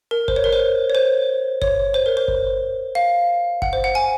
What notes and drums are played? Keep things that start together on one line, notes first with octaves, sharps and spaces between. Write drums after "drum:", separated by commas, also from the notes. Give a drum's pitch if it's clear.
A#4
C5, drum: kick G1
C#5
A#4
C5
C#5
C5
C#5, drum: kick G1
C5
A#4
C5
drum: kick G1
F5
F#5, drum: kick G1
C5
F#5
G#5